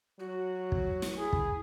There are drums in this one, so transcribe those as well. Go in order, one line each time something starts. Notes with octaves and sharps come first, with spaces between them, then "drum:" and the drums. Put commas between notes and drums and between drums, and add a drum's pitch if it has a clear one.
F#3 F#4
drum: kick
drum: snare
E4 G#4
drum: kick